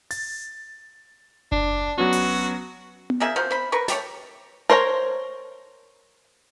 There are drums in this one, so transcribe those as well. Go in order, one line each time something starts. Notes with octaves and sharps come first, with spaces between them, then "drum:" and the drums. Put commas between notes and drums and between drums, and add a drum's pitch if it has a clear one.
A6, drum: open hi-hat
D4, drum: kick F#1
F#3 B3 C#4 F#4
drum: open hi-hat
drum: tom B3
F3 A#3 G#4 E5
F3 F#4 C5
C5 B5
A#4 B4 C#6
A3 G4 C#5, drum: snare
A#4 C5 C#5 F#5 A#5